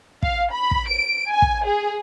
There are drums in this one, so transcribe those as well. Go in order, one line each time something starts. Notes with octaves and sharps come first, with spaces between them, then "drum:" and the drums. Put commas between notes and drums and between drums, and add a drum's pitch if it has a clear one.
F5, drum: kick
B5
drum: kick
D7
G#5
drum: kick
G#4